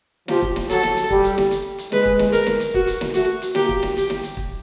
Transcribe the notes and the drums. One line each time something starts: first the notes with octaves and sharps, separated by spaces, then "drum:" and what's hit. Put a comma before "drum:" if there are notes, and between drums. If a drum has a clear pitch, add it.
F3 G4, drum: snare
drum: kick
drum: snare
F#3 A4, drum: hi-hat
drum: snare
drum: hi-hat
G3, drum: kick
drum: hi-hat
drum: snare
drum: hi-hat
drum: hi-hat
G#3 B4, drum: snare
drum: kick
drum: snare
A#4, drum: hi-hat
drum: snare
drum: hi-hat
F#4, drum: kick
drum: hi-hat
drum: snare
A3 F#4, drum: hi-hat
drum: hi-hat
A#3 G4, drum: snare
drum: kick
drum: snare
G4, drum: hi-hat
drum: snare
drum: hi-hat
drum: kick